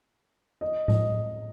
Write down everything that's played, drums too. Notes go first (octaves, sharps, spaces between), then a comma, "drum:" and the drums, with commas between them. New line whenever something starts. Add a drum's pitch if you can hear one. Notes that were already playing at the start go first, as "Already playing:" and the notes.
D#5
D#5, drum: tom A2